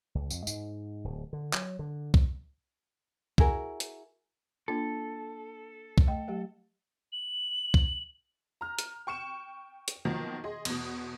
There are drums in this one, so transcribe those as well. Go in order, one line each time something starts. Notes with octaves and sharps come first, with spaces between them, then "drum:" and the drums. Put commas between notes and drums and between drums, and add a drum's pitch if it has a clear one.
C#2
F2, drum: tambourine
G#2, drum: tambourine
D1
D3
F#3, drum: clap
D3
drum: kick C2
E4 F#4 G#4 A#4, drum: kick C2
drum: hi-hat
A#3 D4 F4 A4
drum: kick C2
A3 D#5 G5
F#3 A3 G4
F#7
drum: kick C2
A#5 F6
drum: hi-hat
G5 C#6 C#7 E7
drum: hi-hat
B2 D#3 F3 F#3 A#3
G#4 D#5 C6
E2 B2, drum: cymbal